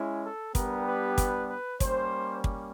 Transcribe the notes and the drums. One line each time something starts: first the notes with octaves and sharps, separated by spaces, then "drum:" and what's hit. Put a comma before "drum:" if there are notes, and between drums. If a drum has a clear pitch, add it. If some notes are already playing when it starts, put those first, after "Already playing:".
Already playing: G#3 C#4 E4
A4
G3 B3 D4 G4 A#4, drum: kick, hi-hat
B4
drum: kick, hi-hat
B4
G3 A#3 C#4 C5, drum: kick, hi-hat
drum: kick